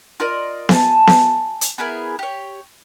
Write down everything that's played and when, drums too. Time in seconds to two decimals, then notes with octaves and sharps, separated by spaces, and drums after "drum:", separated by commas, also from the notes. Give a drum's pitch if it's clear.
0.20 F4 A#4 D5 D#5
0.69 G#5 A5, drum: snare B3
1.07 drum: snare B3
1.61 drum: hi-hat
1.78 B3 E4 G#4 A#4
2.19 G4 C#5